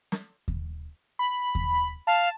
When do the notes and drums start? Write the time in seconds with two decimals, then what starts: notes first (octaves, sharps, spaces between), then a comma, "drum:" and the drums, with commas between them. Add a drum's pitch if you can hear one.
0.12 drum: snare
0.48 drum: kick D#2
1.19 B5
1.55 drum: kick D#2
2.07 F5 A5